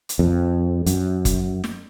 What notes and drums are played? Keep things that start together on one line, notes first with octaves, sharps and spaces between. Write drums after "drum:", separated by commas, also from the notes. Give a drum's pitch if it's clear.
drum: hi-hat
F2
F#2, drum: hi-hat
drum: kick F#1, hi-hat
drum: snare